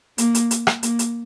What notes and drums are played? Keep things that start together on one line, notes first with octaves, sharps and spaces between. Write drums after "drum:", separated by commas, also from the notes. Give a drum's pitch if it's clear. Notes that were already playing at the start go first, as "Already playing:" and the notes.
A#3, drum: hi-hat
drum: hi-hat
drum: hi-hat
drum: rim click
A#3, drum: hi-hat
drum: hi-hat